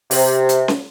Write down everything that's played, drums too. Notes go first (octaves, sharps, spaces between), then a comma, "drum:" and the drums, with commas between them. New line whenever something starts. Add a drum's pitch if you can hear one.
C3, drum: open hi-hat
drum: hi-hat
drum: snare